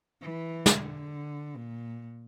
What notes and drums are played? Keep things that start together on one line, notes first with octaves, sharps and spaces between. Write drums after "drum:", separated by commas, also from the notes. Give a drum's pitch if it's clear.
E3
D3, drum: snare
A#2